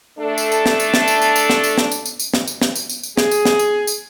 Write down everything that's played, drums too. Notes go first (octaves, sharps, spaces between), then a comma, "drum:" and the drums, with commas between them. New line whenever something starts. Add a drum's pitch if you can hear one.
A3 D4 A4
drum: tambourine
drum: tambourine
drum: snare
drum: tambourine
drum: snare
drum: tambourine
drum: tambourine
drum: tambourine
drum: snare
drum: tambourine
drum: snare
drum: tambourine
drum: tambourine
drum: tambourine
drum: snare
drum: tambourine
drum: snare
drum: tambourine
drum: tambourine
drum: tambourine
G#4, drum: snare
drum: tambourine
drum: snare
drum: tambourine
drum: tambourine